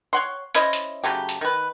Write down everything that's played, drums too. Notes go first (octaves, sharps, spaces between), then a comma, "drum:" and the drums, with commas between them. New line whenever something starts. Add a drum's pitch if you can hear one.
C#5 F#5 C6
C#4 E4 C5 D#5, drum: hi-hat
drum: hi-hat
C#3 F#3 A3 G4
drum: hi-hat
D#3 B4